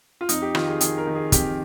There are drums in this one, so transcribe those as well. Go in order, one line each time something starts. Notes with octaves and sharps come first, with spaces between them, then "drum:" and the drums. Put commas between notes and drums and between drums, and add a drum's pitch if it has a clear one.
F4
F2 D#4, drum: hi-hat
G4
D#3 F4, drum: rim click
G#4
D#3 G#4, drum: hi-hat
A#4
D#3
G#4
F2 G4, drum: kick, hi-hat